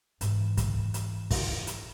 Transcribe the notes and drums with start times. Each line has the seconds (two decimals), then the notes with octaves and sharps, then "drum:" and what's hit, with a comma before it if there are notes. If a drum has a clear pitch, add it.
0.21 G#2 E3, drum: hi-hat
0.57 drum: kick, hi-hat
0.94 drum: hi-hat
1.31 drum: kick, open hi-hat
1.67 drum: hi-hat